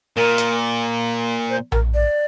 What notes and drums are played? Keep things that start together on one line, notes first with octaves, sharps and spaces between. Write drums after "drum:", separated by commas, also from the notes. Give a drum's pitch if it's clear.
A#2 A#4
drum: hi-hat
C5
A#4, drum: tom A#1
D5